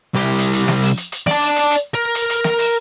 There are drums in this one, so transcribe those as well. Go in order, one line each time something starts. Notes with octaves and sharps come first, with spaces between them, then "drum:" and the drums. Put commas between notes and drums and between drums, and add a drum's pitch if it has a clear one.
C2 G4
drum: hi-hat
drum: hi-hat
drum: snare
drum: open hi-hat
drum: hi-hat
drum: hi-hat
D5 A5, drum: snare
drum: open hi-hat
drum: hi-hat
drum: hi-hat
A#4
drum: hi-hat
drum: hi-hat
drum: snare
drum: open hi-hat